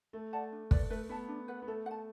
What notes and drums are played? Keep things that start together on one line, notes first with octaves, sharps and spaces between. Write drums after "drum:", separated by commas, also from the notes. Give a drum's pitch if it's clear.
A3 A4
D5 F#5 A5
D4
B4 D5, drum: kick
A3 B4
B3 E5 A5
D4
B4 F#5
B3
A3 A4
F#5
A5